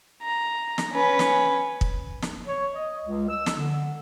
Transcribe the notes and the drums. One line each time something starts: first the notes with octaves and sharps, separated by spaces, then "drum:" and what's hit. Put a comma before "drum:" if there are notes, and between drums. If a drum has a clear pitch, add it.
A#5
drum: snare
C#4 B4
drum: snare
drum: kick
drum: snare
C#5
D#5
C#2
E6
drum: snare
D3